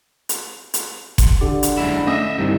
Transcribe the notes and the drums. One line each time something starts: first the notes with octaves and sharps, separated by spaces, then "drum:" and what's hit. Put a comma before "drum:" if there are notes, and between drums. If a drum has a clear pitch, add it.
drum: hi-hat
drum: hi-hat
drum: kick F#1, hi-hat
D3 G4
drum: hi-hat
F#2 G#3 E4
A3 C#4 D#5 E5 D#6
C2 G2 D#3